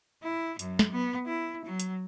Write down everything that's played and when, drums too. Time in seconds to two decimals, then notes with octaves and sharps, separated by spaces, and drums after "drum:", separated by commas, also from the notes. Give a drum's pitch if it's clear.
0.23 E4
0.59 F#2, drum: hi-hat
0.79 drum: snare
0.92 B3
1.27 E4
1.65 F#3
1.80 drum: hi-hat